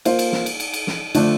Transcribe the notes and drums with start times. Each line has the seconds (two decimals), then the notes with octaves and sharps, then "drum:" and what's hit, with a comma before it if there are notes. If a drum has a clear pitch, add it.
0.05 A#3 F4 C5 F5, drum: cymbal
0.19 drum: cymbal
0.32 drum: snare
0.46 drum: cymbal
0.60 drum: cymbal
0.73 drum: cymbal
0.87 drum: snare
1.15 D3 F3 A3 D4, drum: cymbal